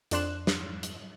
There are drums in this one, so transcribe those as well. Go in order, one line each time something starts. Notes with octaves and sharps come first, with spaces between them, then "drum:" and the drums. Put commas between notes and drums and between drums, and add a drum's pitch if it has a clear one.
F2 D4 D5 C6 F#6 E7, drum: hi-hat
drum: snare
drum: hi-hat